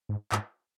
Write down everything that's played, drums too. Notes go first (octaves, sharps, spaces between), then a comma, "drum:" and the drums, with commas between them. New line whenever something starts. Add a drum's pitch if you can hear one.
G#2
G#2, drum: clap